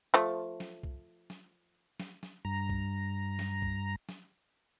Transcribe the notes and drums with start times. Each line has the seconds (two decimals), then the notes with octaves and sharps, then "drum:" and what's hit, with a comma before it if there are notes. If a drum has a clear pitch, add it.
0.14 F3 A3
0.60 drum: snare
0.83 drum: kick C2
1.30 drum: snare
2.00 drum: snare
2.23 drum: snare
2.45 G2 A#5
2.69 drum: kick C2
3.39 drum: snare
3.62 drum: kick C2
4.09 drum: snare